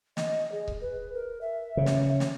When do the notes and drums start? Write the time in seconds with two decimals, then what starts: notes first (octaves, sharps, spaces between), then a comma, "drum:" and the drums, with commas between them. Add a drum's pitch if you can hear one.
0.17 D#5, drum: snare
0.52 G#4
0.68 drum: kick C#1
0.81 B4
1.14 A#4
1.41 E5
1.77 C#3
1.86 drum: snare
2.20 drum: snare